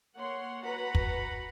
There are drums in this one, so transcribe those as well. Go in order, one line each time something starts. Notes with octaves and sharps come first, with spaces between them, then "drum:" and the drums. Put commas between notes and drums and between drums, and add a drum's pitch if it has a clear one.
A#3 C#5 F#5 C6
F#4 B4 F#5 A#5 B5
drum: kick